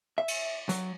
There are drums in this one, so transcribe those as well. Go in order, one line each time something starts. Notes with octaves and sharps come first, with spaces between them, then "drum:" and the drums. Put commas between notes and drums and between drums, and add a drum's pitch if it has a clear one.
E5
drum: cymbal
F#3, drum: hi-hat